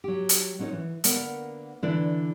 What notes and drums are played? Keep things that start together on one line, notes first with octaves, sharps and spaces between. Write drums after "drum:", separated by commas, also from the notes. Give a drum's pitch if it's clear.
F#3 G4
drum: hi-hat
F#3 C#4 D#4 B4 C#5 D#5
E3
D3 A#3 B3 A#4 F#5, drum: hi-hat
D3 E3 D4 E4 B4 D5